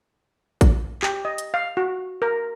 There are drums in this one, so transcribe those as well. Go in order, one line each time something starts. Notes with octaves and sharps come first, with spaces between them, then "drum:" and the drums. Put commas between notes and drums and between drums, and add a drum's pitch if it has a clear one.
drum: kick A1, hi-hat
G4, drum: clap
D#5
drum: hi-hat
F5
F#4
A#4